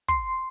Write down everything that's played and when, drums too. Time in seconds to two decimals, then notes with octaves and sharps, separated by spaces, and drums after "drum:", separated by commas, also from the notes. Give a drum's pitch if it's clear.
0.09 C6, drum: kick